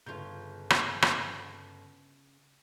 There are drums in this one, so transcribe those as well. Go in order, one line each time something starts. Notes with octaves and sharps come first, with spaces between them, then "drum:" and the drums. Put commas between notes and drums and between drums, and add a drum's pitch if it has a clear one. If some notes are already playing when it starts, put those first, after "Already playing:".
G1 C#3 F4 G6
drum: rim click
drum: rim click